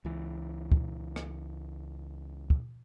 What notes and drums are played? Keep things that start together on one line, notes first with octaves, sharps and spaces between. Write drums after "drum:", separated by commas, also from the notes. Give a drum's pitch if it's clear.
C#2 E3
drum: kick
drum: rim click
drum: kick